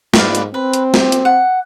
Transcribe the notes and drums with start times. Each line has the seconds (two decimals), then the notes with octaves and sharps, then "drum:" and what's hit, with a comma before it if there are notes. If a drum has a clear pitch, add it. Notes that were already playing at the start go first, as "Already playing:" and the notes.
0.14 G#2 B4 D5 F5, drum: snare
0.35 drum: hi-hat
0.54 C4 B4
0.73 drum: hi-hat
0.94 G4, drum: snare
1.12 drum: hi-hat
1.25 F#5